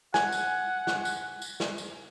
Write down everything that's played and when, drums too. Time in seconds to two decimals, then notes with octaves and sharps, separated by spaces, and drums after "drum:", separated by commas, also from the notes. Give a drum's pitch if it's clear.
0.14 F#5 G#5, drum: snare
0.32 drum: tambourine
0.87 drum: snare
1.05 drum: tambourine
1.42 drum: tambourine
1.60 drum: snare
1.78 drum: tambourine